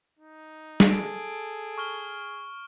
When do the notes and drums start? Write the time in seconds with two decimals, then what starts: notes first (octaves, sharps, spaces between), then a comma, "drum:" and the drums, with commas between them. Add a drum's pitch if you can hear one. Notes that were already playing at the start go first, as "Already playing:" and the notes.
0.19 D#4
0.80 drum: snare
0.90 G#4 A4 D7
1.78 C#6 F6 G7